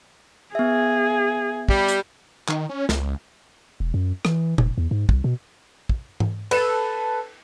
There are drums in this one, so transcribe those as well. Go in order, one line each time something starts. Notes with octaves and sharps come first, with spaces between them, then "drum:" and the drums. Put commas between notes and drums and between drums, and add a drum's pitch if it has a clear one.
B3 G#4 E5
G3, drum: kick
drum: hi-hat
D#3, drum: clap
C#4
C#2, drum: snare
E1
F#2
E3, drum: rim click
F1, drum: tom A#2
E2
G#2
C2, drum: kick
B2
drum: kick
drum: tom G#2
A4 B4 E7, drum: cymbal